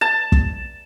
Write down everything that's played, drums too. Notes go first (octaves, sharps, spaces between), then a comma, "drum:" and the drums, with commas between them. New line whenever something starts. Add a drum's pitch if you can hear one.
A5
drum: kick